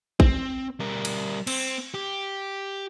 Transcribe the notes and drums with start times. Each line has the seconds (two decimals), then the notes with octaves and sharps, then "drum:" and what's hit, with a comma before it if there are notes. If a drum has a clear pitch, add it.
0.20 C4, drum: kick
0.80 G3 A#4
1.05 drum: cymbal
1.47 C4, drum: cymbal
1.94 G4